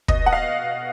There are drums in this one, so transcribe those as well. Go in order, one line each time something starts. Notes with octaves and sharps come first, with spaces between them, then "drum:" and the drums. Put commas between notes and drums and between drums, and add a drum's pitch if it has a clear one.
B2 D#5, drum: kick
F#5
F5